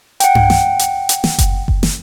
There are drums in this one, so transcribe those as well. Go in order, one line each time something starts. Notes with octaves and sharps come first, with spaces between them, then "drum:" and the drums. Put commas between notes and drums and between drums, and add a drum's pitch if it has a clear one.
F#5 G5, drum: hi-hat
drum: tom G2
drum: snare
drum: hi-hat
drum: hi-hat
drum: snare
drum: kick F#1, hi-hat
drum: kick F#1
drum: snare